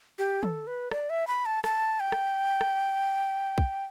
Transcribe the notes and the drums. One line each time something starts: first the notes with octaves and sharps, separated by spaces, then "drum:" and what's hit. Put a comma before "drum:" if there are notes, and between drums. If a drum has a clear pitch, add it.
G4
A4, drum: tom
B4
D5, drum: rim click
E5
B5
A5
A5, drum: rim click
G5
drum: rim click
drum: rim click
drum: kick